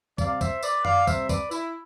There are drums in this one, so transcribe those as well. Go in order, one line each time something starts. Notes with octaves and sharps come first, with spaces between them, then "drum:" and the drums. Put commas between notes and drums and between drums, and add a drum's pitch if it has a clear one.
C3 G3 C4 D5 F5, drum: kick, tambourine
C5 E5, drum: kick, tambourine
B4 D5, drum: tambourine
D5 F5, drum: tom F#2
C3 G3 C4 C5 E5, drum: kick, tambourine
B4 D5, drum: kick, tambourine
E4, drum: tambourine